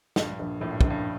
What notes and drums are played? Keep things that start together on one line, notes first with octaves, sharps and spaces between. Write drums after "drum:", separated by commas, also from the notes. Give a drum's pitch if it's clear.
A#1 G2, drum: snare
A#1
A#1 A2
G2
A#1 F#2, drum: kick
G2